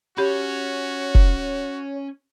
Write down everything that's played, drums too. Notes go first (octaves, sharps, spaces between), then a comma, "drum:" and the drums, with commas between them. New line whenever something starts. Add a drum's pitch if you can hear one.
C#4 F#4 G4 C#5 B5
drum: kick F1